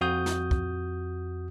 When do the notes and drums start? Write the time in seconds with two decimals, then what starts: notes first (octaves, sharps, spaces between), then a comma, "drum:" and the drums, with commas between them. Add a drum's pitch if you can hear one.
0.01 F2 F#4 D#6 G6
0.26 drum: snare
0.51 drum: kick